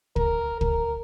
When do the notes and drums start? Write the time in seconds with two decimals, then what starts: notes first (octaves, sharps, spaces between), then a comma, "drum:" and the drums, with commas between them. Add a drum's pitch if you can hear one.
0.16 A#4, drum: kick
0.61 A#4, drum: kick